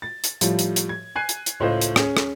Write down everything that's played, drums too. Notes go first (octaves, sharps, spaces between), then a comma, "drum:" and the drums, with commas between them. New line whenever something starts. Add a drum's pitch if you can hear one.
A6
drum: hi-hat
A2 F3 G3, drum: hi-hat
drum: hi-hat
drum: hi-hat
G#6
G#5 F#6 G#6 C7 D#7
drum: hi-hat
drum: hi-hat
C#2 A2 A3 F4 C5 D#5
drum: hi-hat
C#4 G#4, drum: rim click
drum: rim click